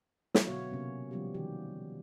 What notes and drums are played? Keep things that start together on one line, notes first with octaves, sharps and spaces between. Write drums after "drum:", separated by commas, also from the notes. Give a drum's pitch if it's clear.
F#3 F#4 E5, drum: snare
B2 D3 B3 F#4 C#5 F5
C3 A#3 C#4
D#3 F3 G3 B3 C#4 G4
D#3 E3 F#4 G4